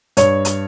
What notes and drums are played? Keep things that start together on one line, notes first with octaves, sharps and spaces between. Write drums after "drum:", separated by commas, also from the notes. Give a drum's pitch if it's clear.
G2 C#5, drum: hi-hat
drum: hi-hat